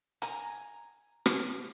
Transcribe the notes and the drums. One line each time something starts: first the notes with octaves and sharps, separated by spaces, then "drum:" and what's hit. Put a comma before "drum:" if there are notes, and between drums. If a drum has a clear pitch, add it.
G#5 A#5, drum: hi-hat
drum: rim click